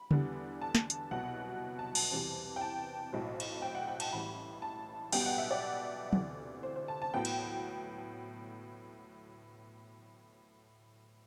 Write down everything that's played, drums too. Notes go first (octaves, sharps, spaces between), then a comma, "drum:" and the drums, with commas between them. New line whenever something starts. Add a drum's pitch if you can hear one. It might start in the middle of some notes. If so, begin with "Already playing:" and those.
Already playing: B5
E2 D3 G3 B3 D4, drum: tom C#3
A5
drum: snare
drum: hi-hat
C2 B2 F#3 F#5
A5
A5, drum: cymbal
E2 C3 E3 G3 C4
G5
A5
B1 A2 F#3 C4
drum: cymbal
G5
F#5
G5
A5, drum: cymbal
A1 A2 E3 G3 B5
A5
B1 B2 G3 B3 G5, drum: cymbal
F#5
E5
D5
D2 C3 E3, drum: tom
C5
C5
A5
A5
A2 F#3 B3 G5
drum: cymbal